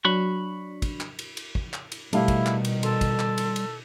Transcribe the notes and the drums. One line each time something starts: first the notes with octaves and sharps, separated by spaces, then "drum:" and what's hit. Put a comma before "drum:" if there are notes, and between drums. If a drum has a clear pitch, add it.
F#3 D4 B5 C#6 F#6
drum: kick, cymbal
drum: clap
drum: cymbal
drum: cymbal
drum: kick
drum: clap
drum: cymbal
B2 D#3 G3 A3 E4 G4 F5, drum: cymbal
drum: kick, cymbal
drum: clap
drum: cymbal
A4 C6, drum: cymbal
drum: kick, cymbal
drum: clap
drum: cymbal
drum: cymbal